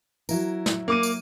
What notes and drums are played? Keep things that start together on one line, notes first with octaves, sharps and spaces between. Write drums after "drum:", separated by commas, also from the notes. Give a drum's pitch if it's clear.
F#3 E4 A#4, drum: tambourine
drum: snare
A#3 D6 D#7
drum: tambourine